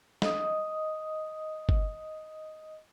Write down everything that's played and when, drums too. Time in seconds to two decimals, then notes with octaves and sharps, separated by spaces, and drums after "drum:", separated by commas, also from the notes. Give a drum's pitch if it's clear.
0.22 D#5 D#6, drum: snare
1.69 drum: kick G1